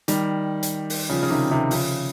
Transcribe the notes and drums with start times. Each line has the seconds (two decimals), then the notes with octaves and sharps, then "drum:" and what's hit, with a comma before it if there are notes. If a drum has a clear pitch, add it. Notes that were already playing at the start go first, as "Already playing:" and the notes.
0.08 D#3 G3, drum: hi-hat
0.63 drum: hi-hat
0.90 drum: open hi-hat
1.09 C#3 F3
1.23 C#3
1.30 C3 D#3
1.51 C3 D#3
1.71 C#3 F3, drum: open hi-hat